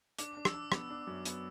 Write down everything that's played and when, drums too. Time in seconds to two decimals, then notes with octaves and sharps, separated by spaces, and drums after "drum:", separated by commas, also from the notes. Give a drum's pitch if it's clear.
0.19 D4 D6, drum: hi-hat
0.37 D4
0.45 E6, drum: rim click
0.54 D4
0.72 B3, drum: rim click
0.90 D4
1.07 F#2
1.25 B3, drum: hi-hat